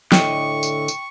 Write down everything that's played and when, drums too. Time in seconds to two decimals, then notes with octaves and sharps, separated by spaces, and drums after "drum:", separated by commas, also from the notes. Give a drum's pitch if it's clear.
0.12 A2 D3 D#5 G5 C#6 D#6, drum: snare
0.63 drum: tambourine
0.88 drum: tambourine